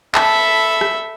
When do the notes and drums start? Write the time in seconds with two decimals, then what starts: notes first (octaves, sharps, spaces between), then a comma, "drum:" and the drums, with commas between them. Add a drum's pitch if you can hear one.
0.15 A4 E5 A5 B5, drum: clap
0.81 drum: rim click